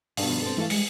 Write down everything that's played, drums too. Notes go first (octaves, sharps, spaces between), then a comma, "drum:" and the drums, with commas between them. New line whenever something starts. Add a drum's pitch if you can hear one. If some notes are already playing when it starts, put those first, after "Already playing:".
G2 B2 F5, drum: open hi-hat
D#3 F3 B3
C4 A4
E3 A3 A4 F5
G3 G#3 C#7, drum: open hi-hat